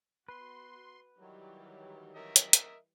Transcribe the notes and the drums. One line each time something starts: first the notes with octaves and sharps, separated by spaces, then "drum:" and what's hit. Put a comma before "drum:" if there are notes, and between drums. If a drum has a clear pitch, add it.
B3 F#4 B4 C6
D#3 E3 F#3 G3 G4
A#4 D#5 E5
drum: hi-hat
drum: hi-hat